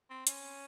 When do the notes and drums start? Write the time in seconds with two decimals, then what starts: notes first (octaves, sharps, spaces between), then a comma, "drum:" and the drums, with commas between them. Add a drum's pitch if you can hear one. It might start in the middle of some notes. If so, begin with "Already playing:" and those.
0.10 C4
0.27 C#4, drum: hi-hat